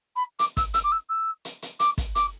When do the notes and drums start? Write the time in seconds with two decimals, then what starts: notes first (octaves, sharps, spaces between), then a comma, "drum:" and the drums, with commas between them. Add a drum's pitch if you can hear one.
0.16 B5
0.39 D6, drum: hi-hat
0.57 E6, drum: kick, hi-hat
0.74 E6, drum: hi-hat
0.84 D6
0.92 E6
1.09 E6
1.45 drum: hi-hat
1.62 drum: hi-hat
1.80 D6, drum: hi-hat
1.98 drum: kick, hi-hat
2.15 D6, drum: hi-hat